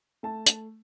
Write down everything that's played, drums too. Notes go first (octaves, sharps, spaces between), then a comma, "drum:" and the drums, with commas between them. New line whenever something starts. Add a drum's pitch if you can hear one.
A3 A5
drum: hi-hat